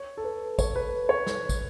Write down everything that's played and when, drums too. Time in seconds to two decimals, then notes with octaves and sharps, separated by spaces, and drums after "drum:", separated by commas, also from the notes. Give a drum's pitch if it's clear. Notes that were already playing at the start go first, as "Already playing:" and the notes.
Already playing: C#5
0.17 A4
0.24 B4
0.59 C#5, drum: kick, tambourine
0.76 B4
1.09 C#5
1.27 drum: snare
1.49 drum: kick, tambourine